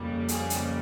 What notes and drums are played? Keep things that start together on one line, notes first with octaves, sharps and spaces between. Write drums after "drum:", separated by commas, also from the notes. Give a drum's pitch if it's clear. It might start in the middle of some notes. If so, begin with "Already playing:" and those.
Already playing: F2 C#3 G3 A#3
G#4, drum: hi-hat
drum: hi-hat